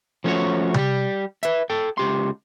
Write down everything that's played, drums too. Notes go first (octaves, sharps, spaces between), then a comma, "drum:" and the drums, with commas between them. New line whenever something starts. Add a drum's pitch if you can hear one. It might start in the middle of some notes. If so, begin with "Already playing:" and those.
F3 A3 C#4 F4 F#4 C#5
G3 G4, drum: tom C3
B4 E5, drum: hi-hat
A4 G5
C#2 G4 C6